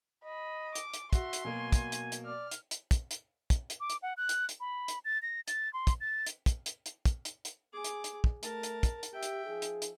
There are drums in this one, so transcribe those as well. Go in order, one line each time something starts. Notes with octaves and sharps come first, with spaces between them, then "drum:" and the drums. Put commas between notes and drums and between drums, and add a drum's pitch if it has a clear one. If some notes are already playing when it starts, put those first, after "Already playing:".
D#5 B5
D6, drum: hi-hat
drum: hi-hat
F#4 E5 C6, drum: kick, hi-hat
drum: hi-hat
B2 F#3 A#3 G#5
drum: kick, hi-hat
drum: hi-hat
drum: hi-hat
D5 F6
drum: hi-hat
drum: hi-hat
drum: kick, hi-hat
drum: hi-hat
drum: kick, hi-hat
drum: hi-hat
D6
drum: hi-hat
F#5
F#6
drum: hi-hat
drum: hi-hat
B5
drum: hi-hat
A6
A#6
A6, drum: hi-hat
C6
drum: kick, hi-hat
A6
drum: hi-hat
drum: kick, hi-hat
drum: hi-hat
drum: hi-hat
drum: kick, hi-hat
drum: hi-hat
drum: hi-hat
G#4 D6
drum: hi-hat
drum: hi-hat
drum: kick
A3 A#4 A5, drum: hi-hat
drum: hi-hat
drum: kick, hi-hat
drum: hi-hat
G4 E5 G5
drum: hi-hat
F3 D#4 G#4
drum: hi-hat
drum: hi-hat